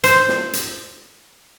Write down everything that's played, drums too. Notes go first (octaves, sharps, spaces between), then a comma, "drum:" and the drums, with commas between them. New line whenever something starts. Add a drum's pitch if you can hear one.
C5, drum: hi-hat
drum: snare
drum: hi-hat